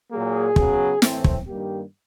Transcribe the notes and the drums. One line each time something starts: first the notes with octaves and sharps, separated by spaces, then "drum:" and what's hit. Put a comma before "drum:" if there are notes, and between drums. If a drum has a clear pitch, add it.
A#2 F#3 A#3 G#4
C#3 F#3 B3, drum: kick
A2 E3 A3 C4, drum: snare
drum: kick
G2 D#3 G3 A#3 G4